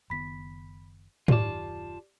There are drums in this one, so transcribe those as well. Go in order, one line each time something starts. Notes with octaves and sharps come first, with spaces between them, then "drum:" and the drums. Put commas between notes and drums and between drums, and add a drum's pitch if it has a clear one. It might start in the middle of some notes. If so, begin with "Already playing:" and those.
F#1 D#3 B3 B5 B6
D#1 F#2 D#3 F4 G4 D5 A5 D6, drum: tom